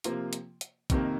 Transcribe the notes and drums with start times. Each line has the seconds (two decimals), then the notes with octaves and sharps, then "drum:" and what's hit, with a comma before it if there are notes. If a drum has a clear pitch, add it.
0.04 C3 F3 A#3 F4, drum: hi-hat
0.33 drum: hi-hat
0.61 drum: hi-hat
0.90 F2 C3 D#3 A#3, drum: kick, hi-hat